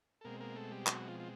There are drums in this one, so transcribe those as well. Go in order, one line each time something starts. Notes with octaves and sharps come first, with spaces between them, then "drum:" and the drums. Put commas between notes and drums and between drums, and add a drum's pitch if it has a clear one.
A4
B2 G#3 A#3 C4 A#4
A#3 A#4
A3 A4
G3 G4
F#3 F#4, drum: clap
F3 F4
F4